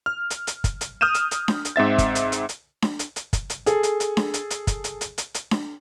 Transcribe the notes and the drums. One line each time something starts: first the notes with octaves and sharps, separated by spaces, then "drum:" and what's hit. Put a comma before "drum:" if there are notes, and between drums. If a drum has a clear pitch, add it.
F6
drum: hi-hat
drum: hi-hat
drum: kick, hi-hat
drum: hi-hat
D#6 F6 G6 D#7 E7
drum: hi-hat
drum: hi-hat
drum: snare D4
drum: hi-hat
G#2 C4 E5 A6
drum: kick, hi-hat
drum: hi-hat
drum: hi-hat
drum: hi-hat
drum: snare D4
drum: hi-hat
drum: hi-hat
drum: kick, hi-hat
drum: hi-hat
G#4 A4, drum: hi-hat
drum: hi-hat
drum: hi-hat
drum: snare D4
drum: hi-hat
drum: hi-hat
drum: kick, hi-hat
drum: hi-hat
drum: hi-hat
drum: hi-hat
drum: hi-hat
drum: snare D4